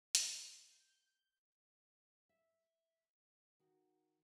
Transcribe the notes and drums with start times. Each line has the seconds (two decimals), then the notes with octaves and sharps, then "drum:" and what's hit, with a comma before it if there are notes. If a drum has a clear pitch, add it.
0.15 C7, drum: hi-hat
0.69 G6
2.29 E5
3.60 D#3 F#4